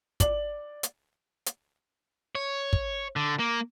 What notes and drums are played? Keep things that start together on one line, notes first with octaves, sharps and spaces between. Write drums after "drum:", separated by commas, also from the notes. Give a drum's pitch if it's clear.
D5 F#7, drum: kick, hi-hat
drum: hi-hat
drum: hi-hat
C#5
drum: kick
D3
A#3